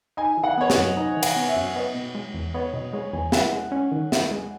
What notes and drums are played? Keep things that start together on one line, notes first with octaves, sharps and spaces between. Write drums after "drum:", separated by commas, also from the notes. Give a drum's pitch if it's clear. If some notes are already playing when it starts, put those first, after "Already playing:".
D#4 G#5
E3
F#5
B3 C#5
D#5, drum: snare
F#2
D#4 D#5
E3
F#5, drum: cymbal
B3
E5
F#2
B3 D#5
B2
G#3
E2
B3 C#5
B2 D#5
G#3 C#5
E2 G#5
E4 F#5, drum: snare
G#3
C#4
D#3
E4, drum: snare
G#3